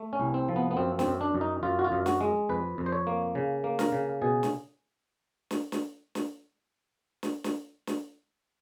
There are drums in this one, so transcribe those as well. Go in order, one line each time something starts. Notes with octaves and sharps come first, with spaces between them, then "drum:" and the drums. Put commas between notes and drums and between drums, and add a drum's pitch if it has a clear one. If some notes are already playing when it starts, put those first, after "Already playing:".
Already playing: A3
C#4
C2
C4
F3
B3
B3
F#2 C4
C4, drum: snare
F#2
D4
F#2
D#4
F#2 F4
F#4
F4
F#2
F#4, drum: snare
G#3
F2 B4
F2
C5
C#5
A#3
C#3
A#3
A#4, drum: snare
C#3
B2 G#4
drum: snare
drum: snare
drum: snare
drum: snare
drum: snare
drum: snare
drum: snare